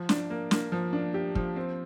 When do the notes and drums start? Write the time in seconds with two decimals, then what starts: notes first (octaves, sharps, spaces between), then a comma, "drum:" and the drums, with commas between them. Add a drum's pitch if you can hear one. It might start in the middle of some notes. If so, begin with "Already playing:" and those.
Already playing: F3
0.09 D4, drum: snare
0.30 A#3
0.51 A#3, drum: snare
0.72 F3
0.93 D4
1.14 G4
1.35 F3, drum: kick
1.56 C4